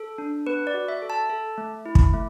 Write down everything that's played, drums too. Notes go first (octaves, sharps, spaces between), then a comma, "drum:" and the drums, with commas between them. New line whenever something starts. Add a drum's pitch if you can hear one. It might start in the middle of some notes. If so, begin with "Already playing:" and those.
Already playing: A4
D4
B3 B4
D5
F#4
E5
A4
A5
A4
A3
E4
drum: kick
A3